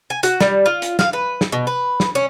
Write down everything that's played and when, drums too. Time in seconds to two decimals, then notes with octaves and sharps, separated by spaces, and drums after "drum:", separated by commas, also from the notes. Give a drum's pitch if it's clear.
0.10 G#5
0.23 F#4, drum: hi-hat
0.41 G3, drum: snare
0.66 F4
0.82 drum: hi-hat
0.99 F5, drum: snare
1.13 B4
1.41 drum: snare
1.52 B2
1.67 B4
2.00 drum: snare
2.15 C#4